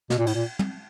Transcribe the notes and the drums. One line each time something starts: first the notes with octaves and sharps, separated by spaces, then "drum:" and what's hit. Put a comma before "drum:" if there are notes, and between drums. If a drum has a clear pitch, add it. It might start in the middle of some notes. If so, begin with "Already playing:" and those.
B2, drum: snare
A#2
A2, drum: cymbal
A#2
drum: tom